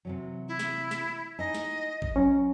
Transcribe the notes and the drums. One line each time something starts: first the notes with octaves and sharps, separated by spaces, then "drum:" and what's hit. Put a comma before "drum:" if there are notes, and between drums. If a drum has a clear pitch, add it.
C3 E3 F#3
E4
drum: snare
drum: snare
D#4 E4 D#5 G#5
drum: snare
drum: kick G#1
F#3 C#4